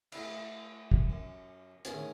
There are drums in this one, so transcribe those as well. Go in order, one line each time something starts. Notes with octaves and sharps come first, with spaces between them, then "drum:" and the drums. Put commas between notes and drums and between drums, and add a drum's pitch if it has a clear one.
A3 E4, drum: cymbal
drum: kick
F#2
A2 D3 D#3 C#4 G#4, drum: hi-hat